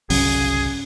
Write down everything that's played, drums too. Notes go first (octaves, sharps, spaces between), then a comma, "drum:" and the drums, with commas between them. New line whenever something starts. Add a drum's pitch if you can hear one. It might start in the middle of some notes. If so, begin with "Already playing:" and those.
G1 C2 C#3 F#3 G#4, drum: open hi-hat